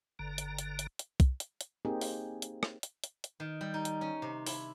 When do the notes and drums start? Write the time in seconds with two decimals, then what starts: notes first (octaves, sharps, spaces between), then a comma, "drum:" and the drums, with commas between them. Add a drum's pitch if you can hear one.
0.19 G1 D3 A#5
0.38 drum: hi-hat
0.58 drum: hi-hat
0.79 drum: hi-hat
0.99 drum: hi-hat
1.20 drum: kick, hi-hat
1.40 drum: hi-hat
1.61 drum: hi-hat
1.85 A#3 C4 D#4 G4 G#4
2.01 drum: open hi-hat
2.42 drum: hi-hat
2.63 drum: rim click
2.83 drum: hi-hat
3.04 drum: hi-hat
3.24 drum: hi-hat
3.40 D#3
3.61 G3
3.74 D#4
3.85 drum: hi-hat
4.01 C#4
4.22 C3
4.47 E4, drum: open hi-hat